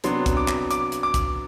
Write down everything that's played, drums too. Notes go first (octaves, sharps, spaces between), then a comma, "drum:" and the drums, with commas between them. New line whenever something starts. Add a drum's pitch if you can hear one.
C3 F#3 B3 D4 C6, drum: hi-hat
drum: kick, hi-hat
D6
drum: clap
D6, drum: hi-hat
drum: hi-hat
D6
drum: kick, hi-hat